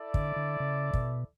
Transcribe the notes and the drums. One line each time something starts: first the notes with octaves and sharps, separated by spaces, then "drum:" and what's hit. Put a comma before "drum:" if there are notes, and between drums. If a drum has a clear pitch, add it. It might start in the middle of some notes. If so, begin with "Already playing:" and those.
Already playing: E4 A4 D5
D3, drum: kick
D3
C#3
B2, drum: kick